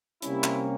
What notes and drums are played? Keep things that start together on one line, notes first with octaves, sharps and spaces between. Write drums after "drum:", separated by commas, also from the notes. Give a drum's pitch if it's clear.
C3 G3 A#3 C#4 E4, drum: hi-hat
drum: clap